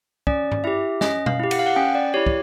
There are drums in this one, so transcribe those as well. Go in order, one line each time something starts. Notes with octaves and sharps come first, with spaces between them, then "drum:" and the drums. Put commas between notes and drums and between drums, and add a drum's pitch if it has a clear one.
C#4 D5, drum: kick
drum: tom G2
E4 G4 E5
C#4 D#5, drum: snare
F5, drum: tom B2
E4 G4
F#5, drum: cymbal
F5
F#5
C#4 G5
D5
E4 G4 C#5
drum: kick